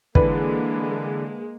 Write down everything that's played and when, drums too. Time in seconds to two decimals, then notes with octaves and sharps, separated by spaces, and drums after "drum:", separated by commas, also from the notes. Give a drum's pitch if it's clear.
0.15 D3 E3 G#3 A#3 D4 B4, drum: kick